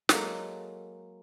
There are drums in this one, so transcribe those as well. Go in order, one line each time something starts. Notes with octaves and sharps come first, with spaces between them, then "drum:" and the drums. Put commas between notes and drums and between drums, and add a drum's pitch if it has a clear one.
F#3 G#3 A#3 A4, drum: snare